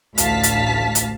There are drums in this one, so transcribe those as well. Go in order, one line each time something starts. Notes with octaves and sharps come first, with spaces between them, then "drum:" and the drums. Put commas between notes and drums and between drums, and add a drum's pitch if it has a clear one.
A1 D2 F5 A5 B6, drum: hi-hat
drum: hi-hat
drum: hi-hat